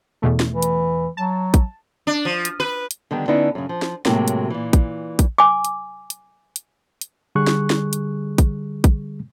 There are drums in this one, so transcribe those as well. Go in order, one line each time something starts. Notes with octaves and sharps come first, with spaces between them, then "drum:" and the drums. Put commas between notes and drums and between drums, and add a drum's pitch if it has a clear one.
E2 B2 A3
drum: snare
E3
drum: hi-hat
F#3 A5
drum: kick A1, hi-hat
D4
F3
drum: hi-hat
B4
drum: hi-hat
D3 D#3 G3 B3
D3 B3 C#4 D#4 E4
F#2 C#3
F3
drum: snare
A2 C3 F#3 G#3 A#3, drum: snare
drum: hi-hat
A#2 E3
drum: kick A1, hi-hat
drum: kick A1, hi-hat
G#5 D6
drum: hi-hat
drum: hi-hat
drum: hi-hat
drum: hi-hat
D3 G3 G#4 C#6 F#6
drum: snare
drum: snare
drum: hi-hat
drum: kick A1, hi-hat
drum: kick A1, hi-hat